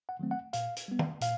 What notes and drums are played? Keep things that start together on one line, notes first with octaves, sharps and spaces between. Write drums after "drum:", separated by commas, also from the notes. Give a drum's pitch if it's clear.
F#5
D#3 F#3 A3 C4
F#5
A#2 F5, drum: hi-hat
drum: hi-hat
G3 B3
drum: tom
A#2 F5, drum: hi-hat